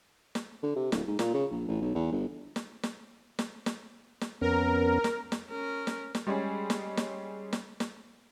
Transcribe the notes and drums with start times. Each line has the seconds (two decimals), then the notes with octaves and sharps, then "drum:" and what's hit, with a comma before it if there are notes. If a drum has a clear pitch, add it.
0.35 drum: snare
0.63 D3
0.76 C3
0.92 D1, drum: snare
1.07 G#2
1.19 A#2, drum: snare
1.34 C#3
1.51 A#1
1.68 A1
1.81 B1
1.95 E2
2.12 G1
2.56 drum: snare
2.83 drum: snare
3.39 drum: snare
3.66 drum: snare
4.21 drum: snare
4.41 F2 B3 C#4 A#4
5.04 drum: snare
5.32 drum: snare
5.50 C#4 A#4
5.87 drum: snare
6.15 drum: snare
6.27 G3 G#3 C#4 G#4
6.70 drum: snare
6.97 drum: snare
7.53 drum: snare
7.80 drum: snare